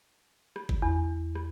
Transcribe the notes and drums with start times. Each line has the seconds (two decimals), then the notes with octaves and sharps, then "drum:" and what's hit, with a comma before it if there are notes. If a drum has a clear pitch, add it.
0.56 drum: rim click
0.69 drum: kick G1
0.82 E2
1.35 drum: rim click